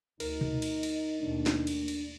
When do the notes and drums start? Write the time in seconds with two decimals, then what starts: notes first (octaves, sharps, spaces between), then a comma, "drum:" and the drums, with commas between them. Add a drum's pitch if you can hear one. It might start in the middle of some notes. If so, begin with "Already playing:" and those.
0.20 D2 D#4 A#4, drum: cymbal
0.41 drum: tom B2
0.62 drum: cymbal
0.83 drum: cymbal
1.18 D#2 B2 A3 D4
1.46 drum: snare
1.67 drum: cymbal
1.88 drum: cymbal